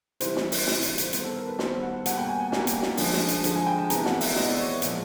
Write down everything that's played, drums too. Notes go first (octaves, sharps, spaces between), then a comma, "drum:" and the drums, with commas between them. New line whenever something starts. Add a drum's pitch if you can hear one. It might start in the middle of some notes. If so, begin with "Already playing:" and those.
C3 E3 G3 C5, drum: hi-hat
drum: snare
drum: open hi-hat
C3 E3 G3, drum: snare
drum: hi-hat
drum: hi-hat
D#3 G3 B3 C5, drum: hi-hat
A4
A#4
B4
D#3 G3 B3 C5, drum: snare
F#5
B2 G3 A#3 F#5, drum: hi-hat
G5
G#5
G#5
B2 G3 A#3, drum: snare
drum: hi-hat
drum: snare
D3 F3 G#3, drum: open hi-hat
drum: snare
drum: hi-hat
D3 F3 G#3, drum: hi-hat
G#5
G5
A5
C3 E3 G#3 B3 A#5, drum: hi-hat
F#5, drum: snare
E5, drum: open hi-hat
C3 E3 G#3 B3 D#5, drum: snare
D5
C#5
B4
A#2 F3 G#3 C5, drum: hi-hat